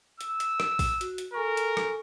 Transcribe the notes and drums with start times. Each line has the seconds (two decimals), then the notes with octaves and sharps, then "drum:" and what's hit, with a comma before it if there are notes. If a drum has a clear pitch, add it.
0.21 E6, drum: hi-hat
0.40 drum: hi-hat
0.60 drum: rim click
0.79 drum: kick A#1, open hi-hat
1.01 F#4, drum: hi-hat
1.18 drum: hi-hat
1.34 A4 A#4 G#5 C#6
1.57 drum: hi-hat
1.77 drum: rim click